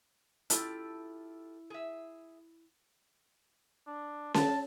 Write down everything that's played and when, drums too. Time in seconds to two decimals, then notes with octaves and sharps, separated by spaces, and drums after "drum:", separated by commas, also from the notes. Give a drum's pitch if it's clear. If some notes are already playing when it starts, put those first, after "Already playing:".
0.50 E4 F4 G4 A4, drum: hi-hat
1.70 G#4 E5
3.87 D4
4.34 A5, drum: snare C#4